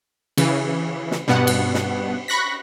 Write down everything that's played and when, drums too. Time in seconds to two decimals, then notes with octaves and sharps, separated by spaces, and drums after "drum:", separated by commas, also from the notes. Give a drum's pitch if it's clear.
0.37 C#3 E3, drum: cymbal
1.11 drum: snare
1.28 G2 B2 B3 F#5
1.47 drum: cymbal
1.74 drum: snare
2.28 B5 C#6 F#6 A#6 B6